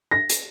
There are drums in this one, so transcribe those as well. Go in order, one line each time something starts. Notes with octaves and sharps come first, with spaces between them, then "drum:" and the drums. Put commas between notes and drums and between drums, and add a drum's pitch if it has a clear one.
A#6
drum: hi-hat